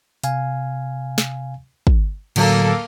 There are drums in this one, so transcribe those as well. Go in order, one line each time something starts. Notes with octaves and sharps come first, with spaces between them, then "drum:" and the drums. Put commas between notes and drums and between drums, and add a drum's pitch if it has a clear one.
C3 F5 G#5, drum: hi-hat
drum: snare
drum: kick
A2 D3 F#3 A#3 A4, drum: cymbal